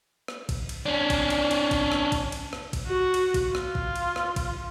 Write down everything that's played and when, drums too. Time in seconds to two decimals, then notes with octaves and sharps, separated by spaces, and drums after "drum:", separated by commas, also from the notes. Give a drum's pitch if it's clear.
0.28 drum: rim click
0.49 drum: kick, cymbal
0.69 drum: cymbal
0.86 C#4 D4
1.10 drum: kick, cymbal
1.30 drum: cymbal
1.51 drum: cymbal
1.71 drum: kick, cymbal
1.92 drum: rim click
2.12 drum: kick, cymbal
2.32 drum: cymbal
2.53 drum: rim click
2.73 drum: kick, cymbal
2.87 F#4
3.14 drum: cymbal
3.34 drum: kick, cymbal
3.55 F4, drum: rim click
3.75 drum: kick
3.96 drum: cymbal
4.16 drum: rim click
4.36 drum: kick, cymbal